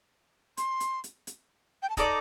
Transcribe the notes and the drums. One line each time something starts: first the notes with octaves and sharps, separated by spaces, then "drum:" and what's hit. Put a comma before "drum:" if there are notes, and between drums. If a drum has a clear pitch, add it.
C6, drum: hi-hat
drum: hi-hat
drum: hi-hat
drum: hi-hat
G5
A5
D#4 A4 D5 A#5, drum: kick, hi-hat